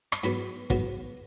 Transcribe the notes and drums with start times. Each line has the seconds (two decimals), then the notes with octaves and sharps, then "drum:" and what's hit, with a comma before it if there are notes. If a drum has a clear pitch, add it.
0.12 A5, drum: rim click
0.24 G#2 F#3 B3 B5
0.70 G#2 F#3 B3, drum: kick